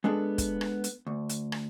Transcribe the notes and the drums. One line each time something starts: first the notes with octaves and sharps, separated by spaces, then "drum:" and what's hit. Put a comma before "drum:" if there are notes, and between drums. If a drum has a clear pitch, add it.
G#3 B3 D4 G#4 A4
drum: kick, hi-hat
drum: rim click
drum: hi-hat
D2
drum: hi-hat
drum: rim click